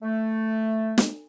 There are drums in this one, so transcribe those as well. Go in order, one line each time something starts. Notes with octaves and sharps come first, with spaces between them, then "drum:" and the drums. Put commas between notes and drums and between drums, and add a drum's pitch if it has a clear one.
A3
drum: snare